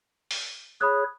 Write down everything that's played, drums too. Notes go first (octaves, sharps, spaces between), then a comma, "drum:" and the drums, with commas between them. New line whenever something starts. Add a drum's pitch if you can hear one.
drum: open hi-hat
G#4 C#5 B5 D#6 F#6